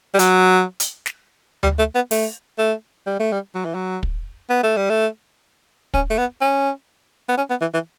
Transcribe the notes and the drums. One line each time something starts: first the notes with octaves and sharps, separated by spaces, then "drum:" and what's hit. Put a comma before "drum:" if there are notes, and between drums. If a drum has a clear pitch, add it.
G3
F#3, drum: hi-hat
drum: hi-hat
drum: snare
G3, drum: tom D2
A3
B3
A3, drum: open hi-hat
A3
G3
A3
G3
F#3
E3
F#3
drum: kick
B3
A3
G3
A3
C#4, drum: kick
A3
B3
C#4
B3
C#4
B3
E3
E3